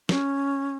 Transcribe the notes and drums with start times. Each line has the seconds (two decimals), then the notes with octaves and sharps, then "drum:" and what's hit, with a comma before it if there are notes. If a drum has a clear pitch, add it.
0.09 C#4, drum: snare